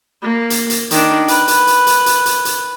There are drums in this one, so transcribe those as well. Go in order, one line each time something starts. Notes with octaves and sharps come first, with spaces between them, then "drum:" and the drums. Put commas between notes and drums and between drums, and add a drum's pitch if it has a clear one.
A#3
drum: hi-hat
drum: hi-hat
D#3 D4, drum: hi-hat
B4, drum: hi-hat
drum: hi-hat
drum: hi-hat
drum: hi-hat
drum: hi-hat
drum: hi-hat
drum: hi-hat